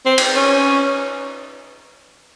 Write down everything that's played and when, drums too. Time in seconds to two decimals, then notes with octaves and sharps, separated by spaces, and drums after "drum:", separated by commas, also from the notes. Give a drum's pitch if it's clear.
0.06 C4
0.18 drum: cymbal
0.36 C#4